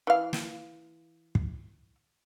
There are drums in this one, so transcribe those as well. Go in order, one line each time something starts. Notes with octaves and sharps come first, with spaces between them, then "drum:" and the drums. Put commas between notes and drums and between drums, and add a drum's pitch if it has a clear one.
E3 F5
drum: snare
drum: kick